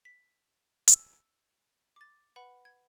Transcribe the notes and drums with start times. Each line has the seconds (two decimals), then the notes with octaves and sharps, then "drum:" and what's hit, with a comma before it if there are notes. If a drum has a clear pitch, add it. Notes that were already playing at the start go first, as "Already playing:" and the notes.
0.05 B6
0.88 E6, drum: hi-hat
1.96 D6 A6
2.36 B4 F#5 B5
2.65 G#6